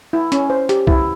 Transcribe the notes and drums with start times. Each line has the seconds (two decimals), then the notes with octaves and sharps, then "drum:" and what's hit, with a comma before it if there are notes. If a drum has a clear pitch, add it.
0.13 E4
0.32 C#4, drum: hi-hat
0.50 C5
0.69 G4, drum: hi-hat
0.87 E4, drum: kick C2